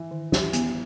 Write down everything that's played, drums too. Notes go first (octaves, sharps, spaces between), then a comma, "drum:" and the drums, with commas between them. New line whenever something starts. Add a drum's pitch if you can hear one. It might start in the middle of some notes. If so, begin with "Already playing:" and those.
Already playing: E3
D#3
E3 G4, drum: snare
B3, drum: hi-hat